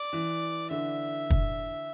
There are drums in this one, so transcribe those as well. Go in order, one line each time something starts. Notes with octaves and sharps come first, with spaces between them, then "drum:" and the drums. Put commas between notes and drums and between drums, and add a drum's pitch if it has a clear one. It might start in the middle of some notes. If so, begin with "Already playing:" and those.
Already playing: D5
E3
D3 E5
drum: kick